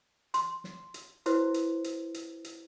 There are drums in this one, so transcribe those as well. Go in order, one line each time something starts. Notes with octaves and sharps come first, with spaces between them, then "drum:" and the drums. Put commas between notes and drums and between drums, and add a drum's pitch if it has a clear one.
C6, drum: hi-hat
drum: snare
drum: hi-hat
E4 F#4 B4 C5, drum: hi-hat
drum: hi-hat
drum: hi-hat
drum: hi-hat
drum: hi-hat